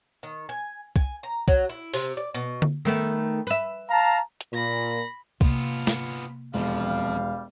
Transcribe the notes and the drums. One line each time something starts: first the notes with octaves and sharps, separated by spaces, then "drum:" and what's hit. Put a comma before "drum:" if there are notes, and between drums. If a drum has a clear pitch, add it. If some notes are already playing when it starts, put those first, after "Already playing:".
D#3
G#5
G#5, drum: kick
A#5
F#3, drum: kick
E4
C3, drum: open hi-hat
D5
B2
drum: tom D3
D#3 A3 B3
B4 E5
F5 A5 A#5
drum: hi-hat
A#2 B5 A#6
C3 A#3 B3 F4, drum: kick
drum: snare
E1 F2 F3 G3 F5